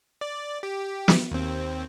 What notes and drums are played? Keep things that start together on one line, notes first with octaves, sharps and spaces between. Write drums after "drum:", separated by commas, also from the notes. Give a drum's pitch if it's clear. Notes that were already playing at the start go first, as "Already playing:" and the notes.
D5
G4
drum: snare
D#2 C4